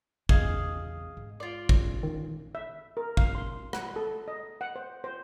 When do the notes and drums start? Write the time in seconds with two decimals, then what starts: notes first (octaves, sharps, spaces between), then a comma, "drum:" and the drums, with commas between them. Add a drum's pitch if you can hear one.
0.29 E2 C#3 G#4 D#5 F5, drum: kick
1.17 G#2
1.40 F4 D5
1.69 drum: kick
2.03 D3 D#3 C#4
2.55 E5
2.97 A#4
3.17 F5, drum: kick
3.35 C6
3.73 F#5, drum: rim click
3.96 A4
4.28 D#5
4.61 F#5
4.76 C5
5.04 C5